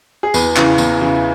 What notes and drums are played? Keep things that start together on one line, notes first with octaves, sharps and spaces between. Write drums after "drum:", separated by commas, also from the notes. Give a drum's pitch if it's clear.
G#4
E2 B4, drum: tambourine
C#3 E3, drum: clap
E2, drum: tambourine
C#3 E3